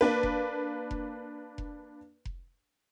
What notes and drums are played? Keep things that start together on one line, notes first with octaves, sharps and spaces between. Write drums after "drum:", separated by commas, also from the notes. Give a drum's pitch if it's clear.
A#3 D4 B4
drum: kick F1
drum: kick F1
drum: kick F1
drum: kick F1